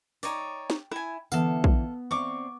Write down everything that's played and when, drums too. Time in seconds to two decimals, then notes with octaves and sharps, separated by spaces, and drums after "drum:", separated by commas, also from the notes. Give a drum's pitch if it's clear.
0.23 D#4 C#5 D5 G5, drum: open hi-hat
0.70 drum: snare
0.92 E4 G#5, drum: rim click
1.32 D3 E3 B3 A4 F5, drum: tambourine
1.64 drum: kick A#1
2.11 C4 D5 F5 C#6 D6